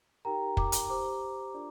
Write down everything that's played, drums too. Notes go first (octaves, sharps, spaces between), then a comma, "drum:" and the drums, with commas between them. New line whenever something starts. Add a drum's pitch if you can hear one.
D#4 G4 A#4 G5 A#5
A#5 D6, drum: kick
drum: hi-hat
G4 C5 A#5 D6
D4 F4 A#4 D5